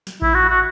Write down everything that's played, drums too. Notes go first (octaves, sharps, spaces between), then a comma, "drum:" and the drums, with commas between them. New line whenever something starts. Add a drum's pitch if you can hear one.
drum: snare
E4, drum: kick A#1
F#4
F#4